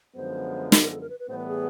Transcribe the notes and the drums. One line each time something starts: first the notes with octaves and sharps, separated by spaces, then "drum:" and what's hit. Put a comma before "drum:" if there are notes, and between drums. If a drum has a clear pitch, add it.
F#2 D3 F3 G#3 B3 C5
drum: snare
A#4
A4
A#4
B4
B4
A2 E3 G3 B3 C5
B4
G#4